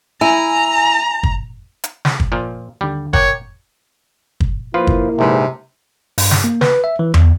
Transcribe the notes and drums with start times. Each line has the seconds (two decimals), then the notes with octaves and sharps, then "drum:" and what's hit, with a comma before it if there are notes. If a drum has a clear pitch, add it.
0.21 E4 G#5 A#5
1.23 drum: kick
1.84 drum: hi-hat
2.05 drum: snare
2.20 drum: kick
2.32 A#2 F3
2.81 D#2 D3 G3
3.13 A#4 C#5 F#5 G5 D6, drum: kick
4.40 drum: kick
4.74 F3 A#3 E4 F4 B4
4.87 drum: kick
5.19 A#1 G#2 C3 B4
6.18 G2, drum: open hi-hat
6.31 drum: snare
6.44 A#3
6.61 B4, drum: snare
6.84 E5
6.99 E3
7.14 E2, drum: tom E2